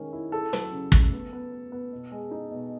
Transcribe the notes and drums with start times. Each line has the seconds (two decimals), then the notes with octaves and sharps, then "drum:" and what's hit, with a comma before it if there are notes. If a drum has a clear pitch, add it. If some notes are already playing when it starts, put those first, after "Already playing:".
Already playing: D#3 G#3 C#4
0.13 E4
0.32 E4 A4
0.53 F#3, drum: hi-hat
0.72 C#3
0.92 A3, drum: kick
1.12 B3
1.33 B3
1.52 B3
1.72 B3
1.93 B2
2.11 G#3
2.31 D#4
2.51 B2